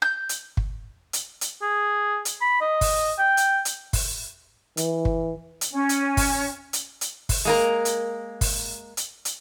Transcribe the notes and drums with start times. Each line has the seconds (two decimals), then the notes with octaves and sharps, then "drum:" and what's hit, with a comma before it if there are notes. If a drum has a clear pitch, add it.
0.02 G6
0.29 drum: hi-hat
0.57 drum: kick
1.13 drum: hi-hat
1.41 drum: hi-hat
1.62 G#4
2.25 drum: hi-hat
2.41 B5
2.61 D#5
2.81 drum: kick, open hi-hat
3.19 G5
3.37 drum: hi-hat
3.65 drum: hi-hat
3.93 drum: kick, open hi-hat
4.77 E3, drum: hi-hat
5.05 drum: kick
5.61 drum: hi-hat
5.72 C#4
5.89 drum: hi-hat
6.17 drum: kick, open hi-hat
6.73 drum: hi-hat
7.01 drum: hi-hat
7.29 drum: kick, open hi-hat
7.45 G#3 A#3 A#4
7.85 drum: hi-hat
8.41 drum: kick, open hi-hat
8.97 drum: hi-hat
9.25 drum: hi-hat